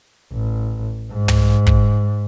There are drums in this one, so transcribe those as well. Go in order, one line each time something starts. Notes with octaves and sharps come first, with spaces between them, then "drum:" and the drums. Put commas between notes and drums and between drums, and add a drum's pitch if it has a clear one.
A1
G#2
drum: tom
drum: kick